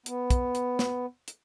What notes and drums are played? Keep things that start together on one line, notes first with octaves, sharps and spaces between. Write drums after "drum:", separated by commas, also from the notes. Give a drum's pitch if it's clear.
B3, drum: hi-hat
drum: kick, hi-hat
drum: hi-hat
drum: snare
drum: hi-hat